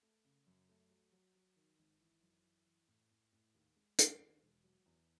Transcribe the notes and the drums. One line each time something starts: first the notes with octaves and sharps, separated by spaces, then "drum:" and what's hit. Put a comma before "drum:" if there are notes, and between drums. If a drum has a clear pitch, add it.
A3
C#3
F#2
A3
F#3
F#3
F#3
D#3
G#1
E3
F#2
E3
E3
A2
A2
A2
D#2
G#3
D#2, drum: hi-hat
D#2
E1
F#3
E2